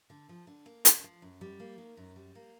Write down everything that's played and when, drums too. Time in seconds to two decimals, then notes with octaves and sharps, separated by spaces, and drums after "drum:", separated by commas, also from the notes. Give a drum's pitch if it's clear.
0.10 D3
0.29 F3
0.47 D3
0.66 A#3
0.85 D3, drum: hi-hat
1.04 F3
1.22 F#2
1.41 G3
1.60 A#3
1.78 D#3
1.97 F#2
2.16 G3
2.35 A#3